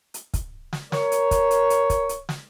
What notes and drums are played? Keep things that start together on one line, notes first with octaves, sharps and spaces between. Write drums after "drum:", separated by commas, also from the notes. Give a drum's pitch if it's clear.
drum: hi-hat
drum: kick, hi-hat
drum: snare
A#4 C#5, drum: snare
drum: hi-hat
drum: kick, hi-hat
drum: hi-hat
drum: hi-hat
drum: kick, hi-hat
drum: hi-hat
drum: snare